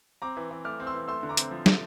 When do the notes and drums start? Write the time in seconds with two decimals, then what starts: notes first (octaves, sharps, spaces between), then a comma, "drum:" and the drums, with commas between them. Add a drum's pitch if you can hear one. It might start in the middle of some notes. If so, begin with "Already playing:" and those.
0.22 C4 A#5 D6
0.37 E3
0.51 E3
0.65 A3 D6 F6
0.80 C4
0.87 C6 E6
0.94 E3
1.08 A3 C6 E6
1.23 D3
1.29 A#5 D6
1.37 C4, drum: hi-hat
1.51 F3
1.66 A3, drum: snare